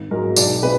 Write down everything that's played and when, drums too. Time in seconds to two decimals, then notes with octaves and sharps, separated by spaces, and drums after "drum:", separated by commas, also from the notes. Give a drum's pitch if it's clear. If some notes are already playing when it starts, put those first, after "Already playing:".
Already playing: G#1
0.11 G#2 F#3 A#4
0.36 B1 D5, drum: tambourine
0.63 B2 B4